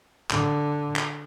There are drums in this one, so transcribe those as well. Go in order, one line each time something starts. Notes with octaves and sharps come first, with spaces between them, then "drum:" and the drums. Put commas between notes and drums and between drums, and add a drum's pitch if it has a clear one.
D3, drum: clap
drum: clap